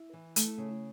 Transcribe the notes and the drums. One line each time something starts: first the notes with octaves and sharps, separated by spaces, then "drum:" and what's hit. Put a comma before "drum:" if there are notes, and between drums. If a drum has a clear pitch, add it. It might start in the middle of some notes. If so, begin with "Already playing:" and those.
Already playing: E4
E3
A3, drum: hi-hat
C#3